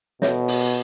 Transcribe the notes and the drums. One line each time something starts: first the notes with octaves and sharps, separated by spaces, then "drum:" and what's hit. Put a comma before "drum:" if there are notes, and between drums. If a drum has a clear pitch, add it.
B2 A4 C#5 E5, drum: snare
drum: open hi-hat